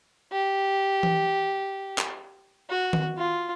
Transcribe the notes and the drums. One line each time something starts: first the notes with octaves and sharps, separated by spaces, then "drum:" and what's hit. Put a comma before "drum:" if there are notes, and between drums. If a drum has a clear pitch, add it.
G4
drum: tom E3
drum: clap
F#4
drum: tom D#3
F4